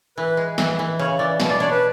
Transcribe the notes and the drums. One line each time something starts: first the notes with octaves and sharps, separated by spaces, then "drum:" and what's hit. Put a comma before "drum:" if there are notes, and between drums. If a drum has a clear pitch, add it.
E3 B4
G#3
E3, drum: snare
E3
C#3 C#5
E3 D5
B2, drum: snare
D5
D4 C#5
B4